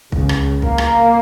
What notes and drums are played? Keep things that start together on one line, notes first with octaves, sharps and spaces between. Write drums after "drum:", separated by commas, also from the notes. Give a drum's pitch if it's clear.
C#2 C#3, drum: kick
drum: rim click
A#3, drum: kick
drum: rim click